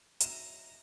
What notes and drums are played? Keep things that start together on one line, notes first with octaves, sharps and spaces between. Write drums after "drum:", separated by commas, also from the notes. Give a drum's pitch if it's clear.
F#3 D#4 E5 A#5 F#6 D#7 E7, drum: hi-hat